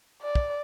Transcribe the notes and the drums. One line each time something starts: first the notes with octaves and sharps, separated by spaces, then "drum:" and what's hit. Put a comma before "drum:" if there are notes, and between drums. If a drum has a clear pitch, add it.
D5
drum: kick